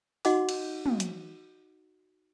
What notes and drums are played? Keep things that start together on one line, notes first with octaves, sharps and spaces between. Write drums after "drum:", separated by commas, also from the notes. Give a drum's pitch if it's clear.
D#4 F#4 D#5 F#5 C6 D6, drum: open hi-hat
drum: cymbal
drum: tom
drum: hi-hat